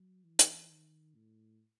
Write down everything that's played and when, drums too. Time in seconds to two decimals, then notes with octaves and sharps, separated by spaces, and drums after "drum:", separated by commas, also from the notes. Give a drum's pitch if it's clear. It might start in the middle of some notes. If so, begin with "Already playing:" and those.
Already playing: F#3
0.24 E3
0.39 drum: hi-hat
0.70 D#3
1.15 A2